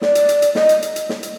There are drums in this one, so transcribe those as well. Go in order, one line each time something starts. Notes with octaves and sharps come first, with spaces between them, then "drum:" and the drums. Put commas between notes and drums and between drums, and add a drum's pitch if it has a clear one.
D5, drum: snare
drum: hi-hat
drum: hi-hat
drum: hi-hat
D#5, drum: snare
drum: hi-hat
drum: hi-hat
drum: hi-hat
drum: snare
drum: hi-hat